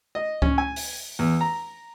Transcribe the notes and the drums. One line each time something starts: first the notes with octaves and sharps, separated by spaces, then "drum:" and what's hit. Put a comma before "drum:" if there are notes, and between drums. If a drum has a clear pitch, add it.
D#5
C#4, drum: kick C#2
G#5
drum: open hi-hat
E2
A#5